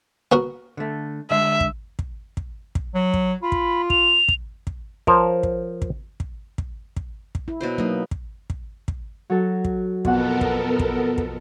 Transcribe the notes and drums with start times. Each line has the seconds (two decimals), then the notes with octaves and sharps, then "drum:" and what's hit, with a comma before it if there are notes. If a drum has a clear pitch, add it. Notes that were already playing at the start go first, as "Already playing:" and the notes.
0.32 B3 F#4 A#4
0.77 D3 A3
1.31 D3 G#3 E5
1.60 drum: kick
1.99 drum: kick
2.37 drum: kick
2.75 drum: kick
2.94 F#3
3.14 drum: kick
3.42 F4 B5
3.52 drum: kick
3.90 F7, drum: kick
4.28 drum: kick
4.67 drum: kick
5.07 F3 A#4 C5 C#5, drum: kick
5.43 drum: kick
5.82 drum: kick
6.20 drum: kick
6.58 drum: kick
6.97 drum: kick
7.35 drum: kick
7.48 E4
7.61 B2 F#3 C5
7.78 F#3 A#3 B3 D#4
8.11 drum: kick
8.50 drum: kick
8.88 drum: kick
9.30 F#3 A4
9.65 drum: kick
10.05 F2 B2 B3 A4 A#4 F#5, drum: kick
10.41 drum: kick
10.79 drum: kick
11.18 drum: kick